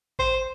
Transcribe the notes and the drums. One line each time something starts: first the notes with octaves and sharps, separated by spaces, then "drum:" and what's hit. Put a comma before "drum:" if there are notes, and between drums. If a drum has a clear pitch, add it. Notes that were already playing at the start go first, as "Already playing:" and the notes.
C5, drum: kick G#1